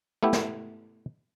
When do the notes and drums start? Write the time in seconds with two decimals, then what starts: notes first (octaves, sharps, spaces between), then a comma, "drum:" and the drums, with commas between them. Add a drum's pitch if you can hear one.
0.23 A3 B3 E4 G4
0.33 drum: snare